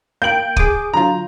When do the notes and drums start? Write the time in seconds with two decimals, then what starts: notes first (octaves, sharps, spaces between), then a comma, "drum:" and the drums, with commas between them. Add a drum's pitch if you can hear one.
0.22 A#3 G5 G6 D7 F#7
0.56 G#4 D6 D#6, drum: kick
0.94 D3 F#3 F4 A#5